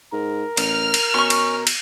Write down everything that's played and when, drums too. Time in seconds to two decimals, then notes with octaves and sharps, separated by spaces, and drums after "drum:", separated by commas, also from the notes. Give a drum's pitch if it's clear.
0.12 G#2 A#4
0.57 A1 F6, drum: cymbal
0.94 drum: cymbal
1.14 B2 C#4 C#6
1.30 drum: cymbal
1.67 drum: cymbal